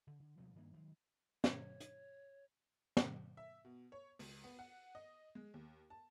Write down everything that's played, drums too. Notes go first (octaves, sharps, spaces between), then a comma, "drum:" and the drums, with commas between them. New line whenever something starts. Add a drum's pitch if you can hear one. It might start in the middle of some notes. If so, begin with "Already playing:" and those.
C#3
D3
B2 F3 G3 A3
G2 D#3 A#3 D4
D#3 F#3 G#3
C#5, drum: snare
drum: hi-hat
drum: snare
E5
B2
C#5
C#2, drum: open hi-hat
B3
F#5
D#5
G#3
D#2
A5